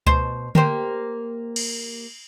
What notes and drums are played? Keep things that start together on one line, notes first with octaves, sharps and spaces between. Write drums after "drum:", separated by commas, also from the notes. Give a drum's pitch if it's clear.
B2 C5, drum: kick C#2
A#3 G4 C5, drum: tom D3
drum: cymbal